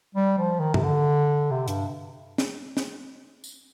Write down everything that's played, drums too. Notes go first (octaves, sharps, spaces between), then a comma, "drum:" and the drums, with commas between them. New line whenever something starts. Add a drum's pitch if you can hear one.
G3
F3
D#3
C3, drum: tom G2
D3
C3
G2, drum: hi-hat
drum: snare
drum: snare
drum: tambourine